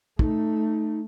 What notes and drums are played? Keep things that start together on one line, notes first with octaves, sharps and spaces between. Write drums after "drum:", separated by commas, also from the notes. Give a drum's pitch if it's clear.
A3 D#4, drum: kick